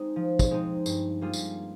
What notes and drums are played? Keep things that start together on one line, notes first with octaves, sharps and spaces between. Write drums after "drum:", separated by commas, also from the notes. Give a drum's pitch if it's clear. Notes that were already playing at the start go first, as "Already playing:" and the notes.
Already playing: G#3 C4 D#4
F3
drum: kick, tambourine
G#3 C4 D#4
G2, drum: tambourine
G3 A#3 F4 G#4
drum: tambourine